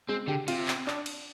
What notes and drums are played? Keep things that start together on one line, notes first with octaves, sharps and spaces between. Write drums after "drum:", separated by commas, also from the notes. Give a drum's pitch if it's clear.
G#3 C4
D3 G4
C3 F4, drum: cymbal
drum: clap
D4, drum: clap
drum: cymbal